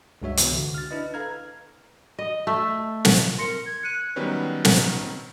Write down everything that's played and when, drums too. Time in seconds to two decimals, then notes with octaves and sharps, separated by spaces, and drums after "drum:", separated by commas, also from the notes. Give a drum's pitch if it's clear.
0.22 C#2 G2 G#3 F#4 C#5 E5
0.37 C#2 C3 E3 B3, drum: hi-hat
0.53 D3 F#4
0.74 F6 A6
0.91 D4 E4 B4 D#5
1.14 A4 B4 F5 A#5 F6 G#6
2.19 D#5
2.47 A3
3.05 drum: snare
3.39 A#4 C6 A#6 C#7
3.66 G#6
3.83 F#6 C#7 D#7
4.16 D#3 F#3 G3 B3 C#4 B4
4.65 drum: snare